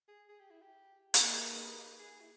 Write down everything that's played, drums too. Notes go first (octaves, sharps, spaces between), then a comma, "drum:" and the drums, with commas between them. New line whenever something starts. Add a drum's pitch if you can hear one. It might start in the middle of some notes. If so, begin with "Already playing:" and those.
G#4
G#4
G4
E4
G4
A#3 D#4 G4 G#4 B4, drum: hi-hat
G#4
E4